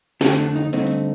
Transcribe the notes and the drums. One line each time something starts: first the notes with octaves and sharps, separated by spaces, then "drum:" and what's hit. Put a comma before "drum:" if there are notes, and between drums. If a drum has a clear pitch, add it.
F2 D3 A3 G4, drum: snare
D4
D#4
G2 D3 A3 C4 D#4, drum: hi-hat
drum: hi-hat